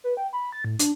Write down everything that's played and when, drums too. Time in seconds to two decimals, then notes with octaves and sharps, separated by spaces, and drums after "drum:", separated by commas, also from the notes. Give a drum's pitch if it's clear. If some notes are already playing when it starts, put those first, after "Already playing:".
0.04 B4
0.17 G5
0.33 B5
0.52 A6
0.65 A2
0.79 D4, drum: hi-hat